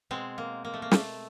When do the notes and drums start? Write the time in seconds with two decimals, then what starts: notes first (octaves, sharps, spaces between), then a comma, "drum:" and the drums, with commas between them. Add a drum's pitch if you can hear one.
0.11 B2 G#3 C4
0.38 A#3
0.65 A#3
0.74 A3
0.82 A#3
0.91 A3, drum: snare